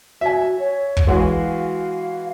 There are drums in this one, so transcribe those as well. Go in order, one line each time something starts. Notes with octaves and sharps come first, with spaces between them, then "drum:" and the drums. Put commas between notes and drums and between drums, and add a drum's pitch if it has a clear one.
F#4 E5 G#5
C#5
drum: kick
E3 G#3 F#4 F5